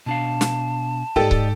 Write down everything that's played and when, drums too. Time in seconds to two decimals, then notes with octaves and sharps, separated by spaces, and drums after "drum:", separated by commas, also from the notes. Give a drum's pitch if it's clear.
0.06 B2 D4 F5 A5
0.41 drum: snare
1.16 G#2 G4 A4 D5 D#5
1.31 drum: kick C#1